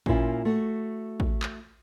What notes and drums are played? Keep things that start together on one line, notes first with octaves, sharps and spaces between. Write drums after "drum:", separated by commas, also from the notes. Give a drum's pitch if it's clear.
A#2 A#3 C#4 E4 F4, drum: kick
A3 F#4
drum: kick
drum: clap